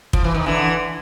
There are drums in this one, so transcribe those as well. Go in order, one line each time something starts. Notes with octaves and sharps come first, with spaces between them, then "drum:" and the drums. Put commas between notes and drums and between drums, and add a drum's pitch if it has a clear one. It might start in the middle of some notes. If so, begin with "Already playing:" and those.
F3, drum: kick
E3
D#3
D3 E3